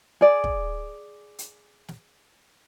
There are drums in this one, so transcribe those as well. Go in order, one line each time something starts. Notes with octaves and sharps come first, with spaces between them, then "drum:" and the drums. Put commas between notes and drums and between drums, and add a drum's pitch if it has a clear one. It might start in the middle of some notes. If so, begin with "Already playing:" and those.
G#4 D5
drum: kick
drum: hi-hat
drum: snare